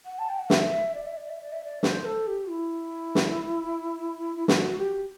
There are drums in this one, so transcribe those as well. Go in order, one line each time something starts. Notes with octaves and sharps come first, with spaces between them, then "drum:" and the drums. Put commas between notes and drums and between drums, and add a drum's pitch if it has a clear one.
F#5
A5
G5
F#5
E5, drum: snare
D5
E5
D5
E5
D5
E5
D5
C5, drum: snare
A4
G4
E4
drum: snare
E4
F#4, drum: snare
G4